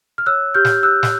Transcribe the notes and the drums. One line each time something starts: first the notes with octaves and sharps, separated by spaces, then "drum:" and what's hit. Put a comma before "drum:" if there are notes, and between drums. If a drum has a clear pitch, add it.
F6
C#5 E6 F#6
G4 F6 G6
drum: snare
G4 E6 F#6
drum: snare